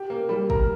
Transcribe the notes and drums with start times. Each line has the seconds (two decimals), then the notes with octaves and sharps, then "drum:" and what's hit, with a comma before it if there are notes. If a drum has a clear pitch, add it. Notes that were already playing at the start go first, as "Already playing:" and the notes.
Already playing: G4
0.10 A#3
0.29 G3
0.50 A#4, drum: kick